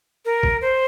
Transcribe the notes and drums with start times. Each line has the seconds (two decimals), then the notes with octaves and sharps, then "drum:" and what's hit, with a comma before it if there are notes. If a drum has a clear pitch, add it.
0.25 A#4
0.43 drum: kick
0.61 C5